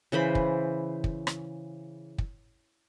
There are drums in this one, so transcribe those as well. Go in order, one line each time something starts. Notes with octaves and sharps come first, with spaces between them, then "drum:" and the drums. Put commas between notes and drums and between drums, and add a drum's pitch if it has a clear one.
C#3 E3 C5 B5
drum: kick
drum: kick
drum: rim click
drum: kick